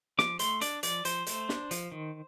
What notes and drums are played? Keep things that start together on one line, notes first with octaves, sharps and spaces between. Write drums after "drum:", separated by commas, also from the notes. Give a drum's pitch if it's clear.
F3 D6, drum: snare
A3 C6, drum: hi-hat
D4 D5, drum: hi-hat
F3 D5, drum: hi-hat
F3 C5, drum: hi-hat
A3, drum: hi-hat
D4, drum: snare
F3, drum: hi-hat
D#3